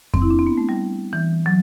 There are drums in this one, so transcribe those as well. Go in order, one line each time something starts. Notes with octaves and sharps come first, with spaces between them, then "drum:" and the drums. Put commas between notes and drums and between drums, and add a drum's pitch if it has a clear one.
C4, drum: kick F2
E4
D4
C4
B3
A3
G3
E3
F#3